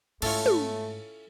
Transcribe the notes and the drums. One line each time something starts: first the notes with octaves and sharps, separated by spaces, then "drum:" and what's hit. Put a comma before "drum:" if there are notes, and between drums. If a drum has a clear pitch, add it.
G#2 A3 C#4 E4 F4 A4 C#5, drum: cymbal
drum: tom